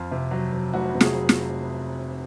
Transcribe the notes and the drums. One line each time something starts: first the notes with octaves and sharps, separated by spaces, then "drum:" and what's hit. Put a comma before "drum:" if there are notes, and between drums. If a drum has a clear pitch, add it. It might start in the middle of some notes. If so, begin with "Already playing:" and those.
Already playing: F2 F4
C3
F#3
F#3
F1 F#4
C3
G#4, drum: snare
F#3
drum: snare